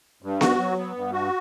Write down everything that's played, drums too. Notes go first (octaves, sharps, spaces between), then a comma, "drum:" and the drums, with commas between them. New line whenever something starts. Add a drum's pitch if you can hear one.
G2
F#4, drum: snare B3
F#3
B3
G2
F#4